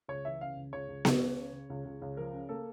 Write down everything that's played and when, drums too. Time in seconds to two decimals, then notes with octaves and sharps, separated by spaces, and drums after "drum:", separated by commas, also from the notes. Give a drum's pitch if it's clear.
0.08 C#2 C#5
0.25 E3 E5
0.41 C#3 F5
0.56 C#2
0.73 C#2 C#5
0.88 C#2
1.05 C#2, drum: snare B3
1.21 C#2
1.37 C#3
1.52 C#3
1.70 C#2
1.85 C#2
2.02 C#2
2.17 F3 A#4
2.33 C#3
2.49 A#3 A4